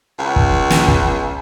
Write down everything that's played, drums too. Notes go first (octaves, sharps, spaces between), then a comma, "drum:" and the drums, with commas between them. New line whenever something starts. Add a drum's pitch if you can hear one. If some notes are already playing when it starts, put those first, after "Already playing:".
C#2
drum: kick
drum: snare
drum: kick